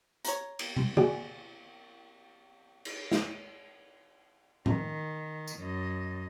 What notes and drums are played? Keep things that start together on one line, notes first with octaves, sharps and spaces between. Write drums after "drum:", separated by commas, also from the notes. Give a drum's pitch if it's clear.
C#5 A#5, drum: hi-hat
drum: cymbal
drum: tom
F#4 G#4 D5 G#5, drum: tom
drum: cymbal
drum: snare
D#3, drum: tom A2
drum: tambourine
F#2 D#5